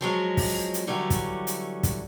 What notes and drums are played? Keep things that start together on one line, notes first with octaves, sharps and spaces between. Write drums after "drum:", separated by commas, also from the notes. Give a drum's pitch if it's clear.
F3 F#3 G#3 C#4
drum: kick, open hi-hat
drum: hi-hat
D3 E3 F#3 G3 A3 C#4
drum: kick, hi-hat
drum: hi-hat
drum: kick, hi-hat